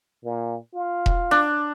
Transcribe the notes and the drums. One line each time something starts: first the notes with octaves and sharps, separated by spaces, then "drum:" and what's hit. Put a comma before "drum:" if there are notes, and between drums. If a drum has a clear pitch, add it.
A#2
F4
drum: kick E1
D4